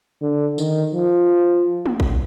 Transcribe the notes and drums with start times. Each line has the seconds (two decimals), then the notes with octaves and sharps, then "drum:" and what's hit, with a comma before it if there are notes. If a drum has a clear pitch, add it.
0.21 D3
0.58 D#3, drum: tambourine
0.94 F3
1.86 drum: tom
2.00 drum: kick